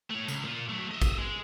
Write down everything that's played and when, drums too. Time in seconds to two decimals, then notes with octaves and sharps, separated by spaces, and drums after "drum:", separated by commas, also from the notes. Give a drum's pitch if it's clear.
0.10 A3 C#5
0.28 C#2, drum: tambourine
0.45 A#2 F4
0.69 F#3 A3
0.91 D#5 E5
1.02 drum: kick, tambourine
1.18 G#3